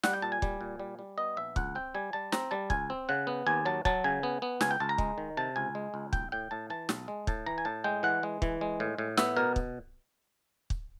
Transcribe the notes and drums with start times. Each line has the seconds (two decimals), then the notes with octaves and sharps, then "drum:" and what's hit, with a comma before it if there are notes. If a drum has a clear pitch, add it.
0.03 G3 F#5, drum: snare
0.13 G5
0.22 A#2 A5
0.32 G#5
0.42 G3, drum: kick
0.61 A#2
0.80 G3
0.99 G3
1.18 B3 D#5
1.37 A#1 E5
1.56 C#2 F#5, drum: kick
1.75 C4 G5
1.95 G3 G#5
2.13 G3 A5
2.32 C4 A#5, drum: snare
2.51 G3 A5
2.70 C#2 G#5, drum: kick
2.90 C4
3.09 C#3 F#5
3.27 B3
3.47 D#2 G#5
3.65 F#3 A5
3.85 F#3 A5, drum: kick
4.04 C#3 G#5
4.23 B3
4.42 B3
4.61 C#2 G#5, drum: snare
4.71 G5
4.80 C#2 A5
4.89 A#5
4.98 G#3, drum: kick
5.18 D#3
5.37 C3 A5
5.56 C#2 G#5
5.75 G#3
5.94 C#2
6.13 B1 G5, drum: kick
6.32 A2 G5
6.51 A2 A5
6.70 E3 A5
6.89 B1, drum: snare
7.08 G#3
7.27 A2 A5, drum: kick
7.46 E3 A#5
7.58 G#5
7.65 A2 A5
7.84 G#3 G5
8.03 E3 F#5
8.23 G#3
8.42 E3, drum: kick
8.61 G#3
8.80 A2
8.98 A2
9.17 B3 E5, drum: snare
9.36 B2 A#4
9.56 drum: kick
10.70 drum: kick